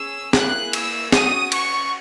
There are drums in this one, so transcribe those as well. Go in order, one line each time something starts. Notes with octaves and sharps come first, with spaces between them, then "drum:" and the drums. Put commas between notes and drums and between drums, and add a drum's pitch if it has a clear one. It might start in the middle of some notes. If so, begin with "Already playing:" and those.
Already playing: C#4 G#4 E6
A#3 E4 G#4 F#6, drum: snare
E6, drum: cymbal
C#4 F#4 D#6, drum: snare
C#6, drum: cymbal